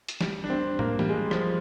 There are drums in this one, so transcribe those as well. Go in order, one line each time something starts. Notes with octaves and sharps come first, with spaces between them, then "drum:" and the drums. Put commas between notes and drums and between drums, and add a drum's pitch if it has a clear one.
drum: hi-hat
G3, drum: snare
D4
C4
A#3, drum: tom
G3, drum: tom
G#3
F3, drum: rim click